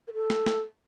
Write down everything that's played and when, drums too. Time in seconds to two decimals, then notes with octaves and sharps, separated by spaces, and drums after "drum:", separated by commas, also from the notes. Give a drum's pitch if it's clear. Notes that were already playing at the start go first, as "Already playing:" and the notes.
0.08 A#4
0.14 A4
0.30 drum: snare
0.46 drum: snare